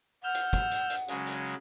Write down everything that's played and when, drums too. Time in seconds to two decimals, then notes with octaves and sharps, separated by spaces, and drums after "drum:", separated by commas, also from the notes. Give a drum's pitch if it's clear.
0.23 F#5 E6 F6 G6
0.35 drum: hi-hat
0.53 drum: kick, hi-hat
0.71 drum: hi-hat
0.90 drum: hi-hat
1.08 C#3 F#3 G#3, drum: hi-hat
1.27 drum: hi-hat